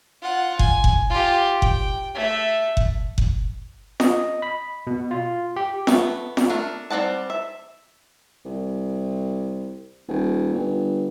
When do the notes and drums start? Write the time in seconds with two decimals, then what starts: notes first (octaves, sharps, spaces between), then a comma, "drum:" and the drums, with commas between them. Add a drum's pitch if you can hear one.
0.22 F4 F#5
0.59 G#5, drum: kick F#1
0.84 drum: kick F#1
1.10 F4 G4
1.62 G5, drum: kick F#1
2.15 A3 E5
2.77 drum: kick F#1
3.18 drum: kick F#1
4.00 D#5, drum: snare
4.42 B5
4.87 B2
5.11 F4
5.56 G4
5.87 A3 B3, drum: snare
6.37 drum: snare
6.50 A3 D4 A#4
6.90 G3 C4 D5 F#5 A5
7.30 E5
8.45 C2
10.09 D#1
10.54 G1